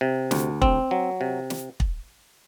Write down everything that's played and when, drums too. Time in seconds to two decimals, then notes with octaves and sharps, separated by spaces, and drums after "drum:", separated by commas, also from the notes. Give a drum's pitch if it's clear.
0.01 C3
0.31 D2, drum: snare
0.62 C4, drum: kick
0.91 F#3
1.21 C3
1.50 drum: snare
1.80 drum: kick